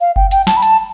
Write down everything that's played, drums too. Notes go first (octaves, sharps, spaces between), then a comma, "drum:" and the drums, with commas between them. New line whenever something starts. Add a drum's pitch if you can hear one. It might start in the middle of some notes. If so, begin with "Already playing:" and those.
F5
G5, drum: kick F#1
G5, drum: hi-hat
A5, drum: snare
B5
A5, drum: hi-hat